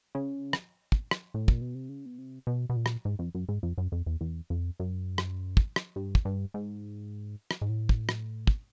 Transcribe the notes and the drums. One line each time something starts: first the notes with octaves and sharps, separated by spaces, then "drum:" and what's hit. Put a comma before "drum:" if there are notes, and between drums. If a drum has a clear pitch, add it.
C#3
drum: rim click
drum: kick
drum: rim click
A2
A#2, drum: kick
B2
C3
C#3
B2
C3
B2
B2
A#2
drum: rim click
G#2
F2
F#2
G#2
F2
F#2
F2
E2
E2
F2
F#2
drum: rim click
drum: kick
drum: rim click
G2
drum: kick
G2
G#2
drum: rim click
G#2
A2
drum: kick
drum: rim click
drum: kick